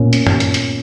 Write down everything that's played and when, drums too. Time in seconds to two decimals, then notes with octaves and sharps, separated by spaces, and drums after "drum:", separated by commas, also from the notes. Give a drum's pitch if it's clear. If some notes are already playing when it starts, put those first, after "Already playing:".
Already playing: A#2 A#3 C#4
0.13 drum: hi-hat
0.27 drum: tom
0.40 drum: hi-hat
0.54 drum: hi-hat